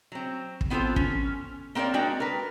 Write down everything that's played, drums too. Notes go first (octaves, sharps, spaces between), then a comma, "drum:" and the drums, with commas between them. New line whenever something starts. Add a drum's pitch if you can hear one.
F#3 C4
drum: kick
B3 C4 F4 G#4 A4 C5
C#4, drum: kick
A#3 C4 A#4 C#5 D5
G#3 D4 F#4 D5 G5
A#4 B4